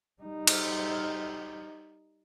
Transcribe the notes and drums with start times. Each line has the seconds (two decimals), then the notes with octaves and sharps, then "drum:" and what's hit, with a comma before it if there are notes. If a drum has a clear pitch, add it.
0.22 G3 D#4
0.47 drum: cymbal